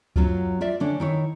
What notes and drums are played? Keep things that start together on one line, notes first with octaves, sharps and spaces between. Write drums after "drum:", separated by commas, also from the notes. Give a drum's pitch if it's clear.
F#2 F#3 C4 F4, drum: kick C#2
F4 D5 E5
D3 C#4 D4
D#3 E4 C#5